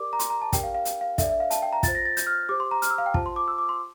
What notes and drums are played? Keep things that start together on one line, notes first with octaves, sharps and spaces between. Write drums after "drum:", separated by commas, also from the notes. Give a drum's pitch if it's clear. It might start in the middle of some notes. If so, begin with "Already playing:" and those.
Already playing: G4 A#4 D5 D6
A#5
C6, drum: hi-hat
A#5
A5
D4 G4 A#4 D5 G5, drum: kick, hi-hat
F5
F5
drum: hi-hat
F5
D4 A4 D5 E5, drum: kick, hi-hat
E5
F5
A5, drum: hi-hat
G5
A#5
F4 C5 A6, drum: kick, hi-hat
A#6
A6
G6, drum: hi-hat
F6
G4 C5 D6
C6
A#5
F6, drum: hi-hat
E6
F5
G5
F4 C5 A5, drum: kick
C6
D6
E6
D6
C6